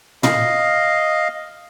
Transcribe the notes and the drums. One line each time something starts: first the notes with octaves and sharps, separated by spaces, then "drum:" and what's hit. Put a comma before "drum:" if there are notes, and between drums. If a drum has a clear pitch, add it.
D#5 F5, drum: tom